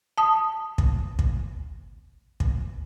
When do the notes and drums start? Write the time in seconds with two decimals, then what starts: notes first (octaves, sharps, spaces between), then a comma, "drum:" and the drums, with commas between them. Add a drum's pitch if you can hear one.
0.18 A5 D#6
0.78 drum: kick
1.19 drum: kick
2.40 drum: kick